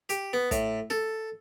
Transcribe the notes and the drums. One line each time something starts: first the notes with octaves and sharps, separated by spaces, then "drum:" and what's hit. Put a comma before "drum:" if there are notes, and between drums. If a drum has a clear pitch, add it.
G4, drum: hi-hat
B3
A2, drum: kick, hi-hat
A4, drum: snare